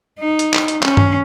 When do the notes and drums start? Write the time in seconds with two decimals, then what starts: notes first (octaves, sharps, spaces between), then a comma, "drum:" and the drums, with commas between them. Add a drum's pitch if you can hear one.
0.19 D#4
0.39 drum: hi-hat
0.54 drum: clap
0.68 drum: hi-hat
0.83 C#4, drum: clap
0.97 drum: tom